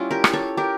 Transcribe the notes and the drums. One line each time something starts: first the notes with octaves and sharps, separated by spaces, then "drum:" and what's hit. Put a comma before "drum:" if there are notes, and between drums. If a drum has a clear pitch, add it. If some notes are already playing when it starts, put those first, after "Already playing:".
Already playing: G3 C#4 E4 F4
G4 A#4
drum: rim click
A4 C#5
G4 A#4